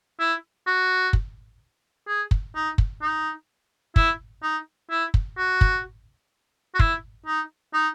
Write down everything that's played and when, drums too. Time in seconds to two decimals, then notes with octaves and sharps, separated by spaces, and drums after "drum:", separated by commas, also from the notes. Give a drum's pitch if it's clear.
0.19 E4
0.67 F#4
1.13 drum: kick
2.07 G#4
2.31 drum: kick
2.55 D#4
2.78 drum: kick
3.02 D#4
3.96 E4, drum: kick
4.43 D#4
4.90 E4
5.14 drum: kick
5.38 F#4
5.61 drum: kick
6.74 F#4
6.79 E4, drum: kick
7.26 D#4
7.74 D#4